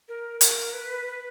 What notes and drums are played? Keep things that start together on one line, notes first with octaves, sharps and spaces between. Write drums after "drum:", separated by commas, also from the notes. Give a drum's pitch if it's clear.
A#4
A#4, drum: hi-hat
B4
B4